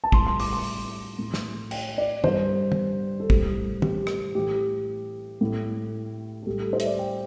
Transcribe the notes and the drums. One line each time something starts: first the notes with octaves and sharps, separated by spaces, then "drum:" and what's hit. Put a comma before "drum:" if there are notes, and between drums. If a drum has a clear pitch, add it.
A5
A2 G3 C6, drum: kick
C6
D6, drum: open hi-hat
C6
drum: open hi-hat
A2 A3
drum: snare
G5, drum: cymbal
D5
G2 G3 C5, drum: tom
drum: tom
A4
A2 G3 G4, drum: kick
G4, drum: tom
drum: rim click
A2 E3 A3 G4
A2 A3
A4
A2 G3 G4
A4
C5
E5, drum: hi-hat
D5
G5